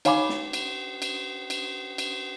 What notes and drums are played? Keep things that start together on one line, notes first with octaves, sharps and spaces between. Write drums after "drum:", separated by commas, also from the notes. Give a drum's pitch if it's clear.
D#4 C#5 F5 G#5 B5 D6, drum: cymbal
drum: snare
drum: cymbal
drum: cymbal
drum: cymbal
drum: cymbal